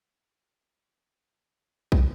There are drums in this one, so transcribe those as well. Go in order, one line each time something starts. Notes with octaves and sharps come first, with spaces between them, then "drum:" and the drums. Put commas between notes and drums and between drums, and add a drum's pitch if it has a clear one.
G4
F1 G2
drum: kick